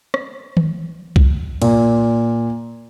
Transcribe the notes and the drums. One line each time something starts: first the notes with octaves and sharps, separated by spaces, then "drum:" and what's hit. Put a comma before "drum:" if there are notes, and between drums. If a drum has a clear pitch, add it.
drum: rim click
drum: tom D#3
drum: kick B1
A#2, drum: cymbal